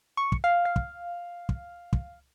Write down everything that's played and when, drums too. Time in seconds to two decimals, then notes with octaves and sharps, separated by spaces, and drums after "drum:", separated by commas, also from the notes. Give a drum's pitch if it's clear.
0.17 C#6
0.32 drum: kick
0.44 F5
0.65 F5
0.76 drum: kick
1.49 drum: kick
1.93 drum: kick